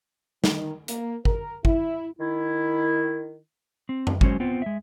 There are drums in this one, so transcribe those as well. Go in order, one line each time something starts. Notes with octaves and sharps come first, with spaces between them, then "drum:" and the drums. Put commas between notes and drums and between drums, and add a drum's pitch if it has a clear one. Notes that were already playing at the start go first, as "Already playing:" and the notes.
D#3, drum: snare
A#3, drum: hi-hat
A#4, drum: kick
E4, drum: kick
D#3 E4
C4
drum: tom F#2
F#3 G#3 C#4 C5, drum: kick
B3 C4 F4
G#3 E5